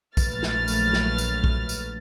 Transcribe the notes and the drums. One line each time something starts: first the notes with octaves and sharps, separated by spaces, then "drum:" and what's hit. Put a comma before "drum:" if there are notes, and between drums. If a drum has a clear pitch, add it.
A#1 F#3 A3 B4 F6 A6, drum: kick A#1, tambourine
drum: snare
drum: tambourine
drum: snare
drum: tambourine
drum: kick A#1
drum: tambourine